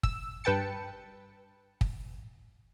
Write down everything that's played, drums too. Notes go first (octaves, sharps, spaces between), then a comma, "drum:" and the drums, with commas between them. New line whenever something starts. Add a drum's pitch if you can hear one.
E6, drum: kick
G2 B4 G5 A5 C#7
drum: kick